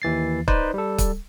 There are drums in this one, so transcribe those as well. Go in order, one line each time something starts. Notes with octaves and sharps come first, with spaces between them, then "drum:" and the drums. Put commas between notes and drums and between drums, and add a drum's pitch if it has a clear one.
D#2 E3 A6 C7
D#4 B4 C5 D5, drum: kick
G3 A4
drum: kick, hi-hat